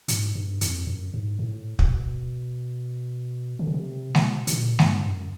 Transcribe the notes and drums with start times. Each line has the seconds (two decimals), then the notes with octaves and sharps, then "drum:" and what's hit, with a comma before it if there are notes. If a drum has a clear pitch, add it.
0.08 G#2, drum: hi-hat
0.35 G2
0.61 F2, drum: hi-hat
0.87 F#2
1.14 G#2
1.39 A2
1.79 B2, drum: kick
3.59 D3
3.67 C#3
3.74 C3
4.15 B2, drum: snare
4.47 B2, drum: hi-hat
4.53 A#2
4.79 G2, drum: snare
5.06 F#2